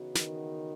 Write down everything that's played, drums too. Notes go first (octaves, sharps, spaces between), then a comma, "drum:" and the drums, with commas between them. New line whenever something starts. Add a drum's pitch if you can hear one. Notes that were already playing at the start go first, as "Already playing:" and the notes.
Already playing: C#3 E3 B3 D#4 F#4
D#3, drum: snare